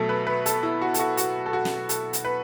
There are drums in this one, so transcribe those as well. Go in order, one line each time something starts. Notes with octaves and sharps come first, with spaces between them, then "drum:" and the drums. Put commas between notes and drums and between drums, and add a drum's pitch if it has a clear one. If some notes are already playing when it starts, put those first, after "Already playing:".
Already playing: B2 F#3 A3 A4 E5
B4
B4
A4, drum: hi-hat
E4
F#4
A4, drum: hi-hat
F#4
F#4, drum: hi-hat
A4
F#4
drum: snare
A4, drum: hi-hat
drum: hi-hat
B4